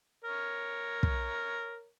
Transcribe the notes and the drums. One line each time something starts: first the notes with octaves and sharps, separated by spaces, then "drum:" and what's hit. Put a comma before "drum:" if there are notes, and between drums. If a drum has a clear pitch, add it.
A#4 C#5
drum: kick